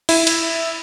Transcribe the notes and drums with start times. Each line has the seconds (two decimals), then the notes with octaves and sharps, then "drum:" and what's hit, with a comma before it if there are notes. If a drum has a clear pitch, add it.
0.09 E4, drum: open hi-hat
0.27 drum: cymbal